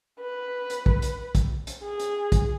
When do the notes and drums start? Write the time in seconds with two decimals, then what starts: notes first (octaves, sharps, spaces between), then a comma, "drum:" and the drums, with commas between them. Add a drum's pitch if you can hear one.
0.21 B4
0.70 drum: hi-hat
0.86 drum: kick
1.02 drum: hi-hat
1.35 drum: kick, hi-hat
1.67 drum: hi-hat
1.83 G#4
2.00 drum: hi-hat
2.32 drum: kick, hi-hat